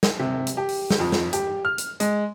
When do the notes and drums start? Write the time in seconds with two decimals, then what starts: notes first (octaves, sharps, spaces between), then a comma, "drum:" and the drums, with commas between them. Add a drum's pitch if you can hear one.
0.03 drum: snare
0.19 C3
0.47 drum: hi-hat
0.57 G4
0.69 drum: open hi-hat
0.90 drum: snare
1.00 F2
1.12 drum: snare
1.33 G4, drum: hi-hat
1.65 F6
1.78 drum: hi-hat
2.00 G#3, drum: hi-hat